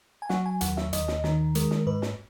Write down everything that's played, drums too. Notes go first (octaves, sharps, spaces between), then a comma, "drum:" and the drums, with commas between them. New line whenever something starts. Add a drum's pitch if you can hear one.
G#5
F#3 F#5, drum: snare
G#5
D#2 F#5, drum: hi-hat
E5, drum: snare
D#2 D#5, drum: hi-hat
drum: snare
D#3, drum: snare
G#3 A#4, drum: hi-hat
drum: snare
G#2 B4
drum: snare